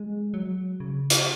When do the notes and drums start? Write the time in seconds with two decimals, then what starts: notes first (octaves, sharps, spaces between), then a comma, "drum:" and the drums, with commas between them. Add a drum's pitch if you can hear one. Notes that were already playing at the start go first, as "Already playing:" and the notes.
Already playing: G#3
0.34 F#3
0.80 C#3
1.10 drum: hi-hat